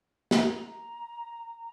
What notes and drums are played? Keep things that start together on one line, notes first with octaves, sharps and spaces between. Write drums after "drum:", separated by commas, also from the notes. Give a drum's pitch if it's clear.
A#5, drum: snare